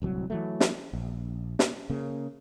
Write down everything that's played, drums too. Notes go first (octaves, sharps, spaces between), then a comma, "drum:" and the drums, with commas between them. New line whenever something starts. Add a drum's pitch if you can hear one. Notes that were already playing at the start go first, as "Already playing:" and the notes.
D1 C2 F#3
E3 F#3 A3
drum: snare
A#1
drum: snare
C#3 A#3